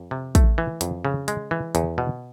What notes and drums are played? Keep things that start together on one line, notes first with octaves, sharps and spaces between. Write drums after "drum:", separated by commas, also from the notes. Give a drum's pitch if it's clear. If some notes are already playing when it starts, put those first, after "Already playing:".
Already playing: F2
C3
A3, drum: kick, hi-hat
E3
F2, drum: hi-hat
C#3
G#3, drum: hi-hat
E3
E2, drum: hi-hat
B2